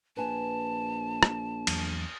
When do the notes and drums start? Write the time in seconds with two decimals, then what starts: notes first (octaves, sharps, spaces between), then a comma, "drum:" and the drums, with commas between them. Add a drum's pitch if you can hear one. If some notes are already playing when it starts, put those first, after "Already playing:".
0.17 A#1 B4 G#5 A5
1.23 drum: rim click
1.67 E2 F#3, drum: cymbal